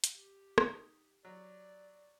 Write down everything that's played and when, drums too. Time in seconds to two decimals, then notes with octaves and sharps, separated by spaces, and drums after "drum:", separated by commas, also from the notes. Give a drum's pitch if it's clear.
0.04 drum: hi-hat
0.16 G4
0.58 D#4, drum: rim click
1.25 F#3 D5